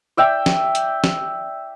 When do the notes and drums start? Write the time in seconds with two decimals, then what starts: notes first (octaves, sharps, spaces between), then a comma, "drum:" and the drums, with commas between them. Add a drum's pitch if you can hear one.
0.17 D5 E5 G5
0.46 drum: snare
0.75 drum: hi-hat
1.04 drum: snare